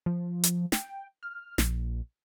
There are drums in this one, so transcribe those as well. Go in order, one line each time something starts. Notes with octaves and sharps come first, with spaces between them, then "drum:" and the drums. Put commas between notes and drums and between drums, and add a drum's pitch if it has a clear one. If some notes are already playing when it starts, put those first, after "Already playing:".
F3
drum: hi-hat
G5, drum: snare
F6
A#1, drum: snare